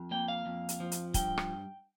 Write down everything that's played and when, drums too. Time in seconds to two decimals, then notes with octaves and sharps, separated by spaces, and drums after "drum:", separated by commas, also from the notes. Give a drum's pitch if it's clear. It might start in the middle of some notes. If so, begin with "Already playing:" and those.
Already playing: F2
0.11 A#3 G5
0.28 F5
0.46 F2
0.69 drum: hi-hat
0.80 F3
0.92 drum: hi-hat
1.14 G2 G5, drum: kick, hi-hat
1.38 drum: rim click